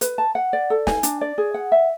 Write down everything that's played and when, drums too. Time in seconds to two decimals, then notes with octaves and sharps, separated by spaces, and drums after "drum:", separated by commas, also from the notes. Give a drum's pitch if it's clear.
0.01 B4, drum: hi-hat
0.18 A5
0.35 F#5
0.53 D5
0.70 A4
0.87 G#5, drum: snare
1.03 D4, drum: hi-hat
1.21 D5
1.38 G#4
1.54 F#5
1.72 E5